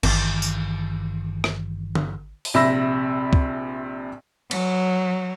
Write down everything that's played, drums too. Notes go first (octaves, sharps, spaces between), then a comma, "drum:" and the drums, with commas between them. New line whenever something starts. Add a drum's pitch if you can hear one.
G#1 G2 D#3 E3, drum: cymbal
drum: tambourine
drum: rim click
drum: tom D3
drum: open hi-hat
A#1 C3 E5 B5 E6 A#6
drum: kick C#2
F#3, drum: cymbal